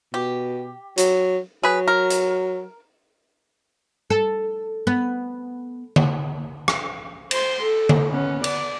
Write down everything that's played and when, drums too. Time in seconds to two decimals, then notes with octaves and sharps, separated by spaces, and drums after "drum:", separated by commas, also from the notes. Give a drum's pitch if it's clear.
0.14 B2 G4
0.97 F#3, drum: hi-hat
1.63 F#3 G#4 B4
1.88 A#4
2.10 drum: hi-hat
4.10 A4
4.87 B3
5.96 drum: tom D3
6.68 drum: rim click
7.31 C5 C6, drum: cymbal
7.62 A4
7.89 drum: tom D3
8.10 B3 C#4
8.44 D5, drum: cymbal